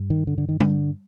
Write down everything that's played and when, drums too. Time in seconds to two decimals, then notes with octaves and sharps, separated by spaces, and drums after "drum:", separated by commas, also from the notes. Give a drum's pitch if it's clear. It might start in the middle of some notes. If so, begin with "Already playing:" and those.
Already playing: G2
0.10 D#3
0.27 D3
0.38 D3
0.49 D#3
0.60 D3, drum: tom G3